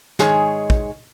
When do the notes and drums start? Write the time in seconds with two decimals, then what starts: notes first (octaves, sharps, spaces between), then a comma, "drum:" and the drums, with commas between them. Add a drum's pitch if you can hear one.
0.19 G#2 D#3 G#3 G#4 C#5, drum: snare
0.70 drum: kick